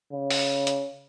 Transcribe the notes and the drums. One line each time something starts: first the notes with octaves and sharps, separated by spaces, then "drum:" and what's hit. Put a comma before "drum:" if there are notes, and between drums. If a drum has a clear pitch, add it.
C#3
drum: open hi-hat
drum: hi-hat